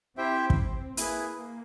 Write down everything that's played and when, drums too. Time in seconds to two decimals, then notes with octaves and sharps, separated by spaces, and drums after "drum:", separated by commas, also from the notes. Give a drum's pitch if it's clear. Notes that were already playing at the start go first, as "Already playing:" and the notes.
0.17 C4 E4 G4 C5 E5 G5
0.50 drum: kick
0.97 A#3 E4 G#4 B4, drum: hi-hat